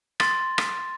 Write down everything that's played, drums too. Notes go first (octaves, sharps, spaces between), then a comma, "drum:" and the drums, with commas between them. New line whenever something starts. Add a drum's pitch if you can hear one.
C6 A6, drum: rim click
drum: rim click